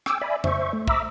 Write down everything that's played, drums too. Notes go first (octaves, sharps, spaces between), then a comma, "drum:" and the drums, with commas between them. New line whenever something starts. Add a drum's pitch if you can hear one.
G5 G#5 D6 E6, drum: rim click
D5 E5 G#5 B5
C5 E5 C#6, drum: tom F2
A3
E5 A#5 B5 D6 E6, drum: kick